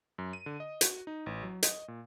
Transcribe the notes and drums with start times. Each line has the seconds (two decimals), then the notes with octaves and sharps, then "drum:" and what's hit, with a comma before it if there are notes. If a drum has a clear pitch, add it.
0.18 F#2
0.33 D#7
0.46 D3
0.60 D#5
0.81 F#4, drum: hi-hat
1.07 D#4
1.26 A1
1.43 F#3
1.63 D#5, drum: hi-hat
1.88 A#2